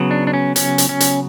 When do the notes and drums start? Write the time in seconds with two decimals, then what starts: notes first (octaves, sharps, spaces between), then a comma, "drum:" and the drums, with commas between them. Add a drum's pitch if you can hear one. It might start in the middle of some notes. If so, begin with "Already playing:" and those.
Already playing: C#3 F#3 B3
0.11 D4
0.27 D4
0.34 C#4
0.56 C#4, drum: hi-hat
0.78 drum: hi-hat
0.89 C#4
1.00 drum: hi-hat